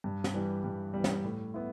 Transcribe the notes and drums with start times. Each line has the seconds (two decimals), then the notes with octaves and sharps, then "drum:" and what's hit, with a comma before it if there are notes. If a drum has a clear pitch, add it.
0.04 G2
0.24 drum: snare
0.34 E3 G3
0.64 G2
0.94 E3 G3
1.04 drum: snare
1.24 A2
1.54 B3 E4